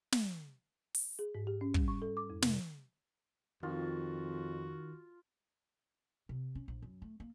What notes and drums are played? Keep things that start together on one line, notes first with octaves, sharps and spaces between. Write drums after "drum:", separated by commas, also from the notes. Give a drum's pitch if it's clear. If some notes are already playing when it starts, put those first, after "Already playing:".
drum: snare
drum: open hi-hat
G#4
G#2
G4
C#4
G3, drum: kick
C#6
A4
D6
F2
C3, drum: snare
F2 D#3 F4 F#4
C3
C#4
A#1
F#2
A3
A#3